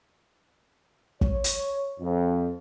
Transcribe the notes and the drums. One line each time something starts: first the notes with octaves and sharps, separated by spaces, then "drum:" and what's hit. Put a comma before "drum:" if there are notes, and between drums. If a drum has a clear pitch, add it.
C#5, drum: kick
drum: hi-hat
F2